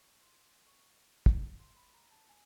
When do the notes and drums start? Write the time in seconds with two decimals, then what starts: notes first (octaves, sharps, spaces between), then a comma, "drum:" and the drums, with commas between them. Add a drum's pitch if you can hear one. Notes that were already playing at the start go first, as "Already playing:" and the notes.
Already playing: C#6
0.21 C6
0.67 C#6
1.26 drum: kick
1.60 C6
1.77 B5
1.94 A#5
2.11 A5
2.29 G#5